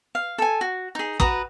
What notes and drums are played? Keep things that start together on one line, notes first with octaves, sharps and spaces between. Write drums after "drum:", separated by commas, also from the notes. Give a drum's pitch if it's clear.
F5
A4 G#5
F#4
D#4 G#4
F#4 B4 A#5 D#6, drum: kick